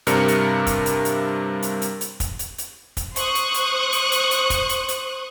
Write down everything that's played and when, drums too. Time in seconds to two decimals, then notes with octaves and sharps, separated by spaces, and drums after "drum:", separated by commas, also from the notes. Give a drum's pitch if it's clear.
0.07 G2 C3 D4 A#4 C#7, drum: hi-hat
0.28 drum: hi-hat
0.67 drum: kick, hi-hat
0.86 drum: hi-hat
1.05 drum: hi-hat
1.62 drum: hi-hat
1.82 drum: hi-hat
2.01 drum: hi-hat
2.20 drum: kick, hi-hat
2.39 drum: hi-hat
2.58 drum: hi-hat
2.97 drum: kick, hi-hat
3.16 C5 C#6 D#6 F#6, drum: hi-hat
3.35 drum: hi-hat
3.54 drum: hi-hat
3.93 drum: hi-hat
4.12 drum: hi-hat
4.31 drum: hi-hat
4.50 drum: kick, hi-hat
4.69 drum: hi-hat
4.88 drum: hi-hat